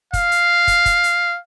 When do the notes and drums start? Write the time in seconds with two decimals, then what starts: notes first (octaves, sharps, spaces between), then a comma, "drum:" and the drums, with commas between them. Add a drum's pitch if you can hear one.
0.13 F5, drum: kick, hi-hat
0.31 drum: hi-hat
0.68 drum: kick, hi-hat
0.86 drum: kick, hi-hat
1.04 drum: hi-hat